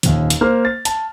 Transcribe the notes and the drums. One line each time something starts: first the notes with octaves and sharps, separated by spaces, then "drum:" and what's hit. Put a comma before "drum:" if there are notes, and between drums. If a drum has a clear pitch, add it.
D#1 D#2, drum: hi-hat
drum: hi-hat
A#3 C5 F6
A6
A5, drum: hi-hat